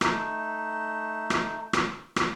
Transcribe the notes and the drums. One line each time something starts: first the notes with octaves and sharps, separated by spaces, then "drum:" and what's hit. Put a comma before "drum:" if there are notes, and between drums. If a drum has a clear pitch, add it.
A3 D#4, drum: rim click
drum: rim click
drum: rim click
drum: rim click